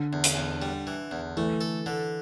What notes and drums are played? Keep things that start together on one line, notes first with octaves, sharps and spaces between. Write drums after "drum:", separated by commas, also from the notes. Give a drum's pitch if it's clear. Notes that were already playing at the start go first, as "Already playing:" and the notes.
Already playing: D3
E2
drum: hi-hat
E2
G3
E3
E2
E3 A3
A4
D3